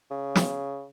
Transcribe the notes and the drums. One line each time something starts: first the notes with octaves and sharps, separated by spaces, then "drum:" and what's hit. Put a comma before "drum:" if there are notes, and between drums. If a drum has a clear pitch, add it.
C#3
drum: snare